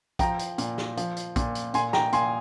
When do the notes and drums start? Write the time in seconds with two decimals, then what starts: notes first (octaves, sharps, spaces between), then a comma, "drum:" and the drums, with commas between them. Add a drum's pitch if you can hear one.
0.19 F3 G5 A#5, drum: kick A#1, hi-hat
0.39 drum: hi-hat
0.58 A#2, drum: hi-hat
0.78 drum: snare
0.97 F3, drum: hi-hat
1.17 drum: hi-hat
1.36 A#2, drum: kick A#1, hi-hat
1.55 drum: hi-hat
1.74 A#2 G#5 C6, drum: hi-hat
1.93 G5 A#5, drum: snare
2.13 A#2 G#5 C6, drum: hi-hat